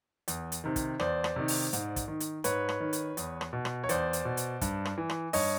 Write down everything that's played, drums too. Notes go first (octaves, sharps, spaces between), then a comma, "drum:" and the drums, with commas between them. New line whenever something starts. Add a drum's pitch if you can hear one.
E2, drum: hi-hat
drum: hi-hat
C3 D#3
drum: kick, hi-hat
E2 C5 D5, drum: rim click
drum: rim click
C3 D#3
drum: open hi-hat
G#2, drum: hi-hat
drum: kick, hi-hat
D#3
drum: hi-hat
G#2 B4 C#5, drum: hi-hat
drum: rim click
D#3
drum: hi-hat
E2, drum: hi-hat
drum: rim click
B2
drum: rim click
C#5
E2 C5 D5, drum: hi-hat
drum: hi-hat
B2
drum: hi-hat
G2, drum: kick, hi-hat
drum: rim click
E3
drum: rim click
G2 C#5 D#5, drum: open hi-hat